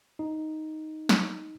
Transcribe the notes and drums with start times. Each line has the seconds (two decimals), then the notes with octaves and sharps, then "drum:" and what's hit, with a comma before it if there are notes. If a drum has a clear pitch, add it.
0.19 D#4
1.09 drum: snare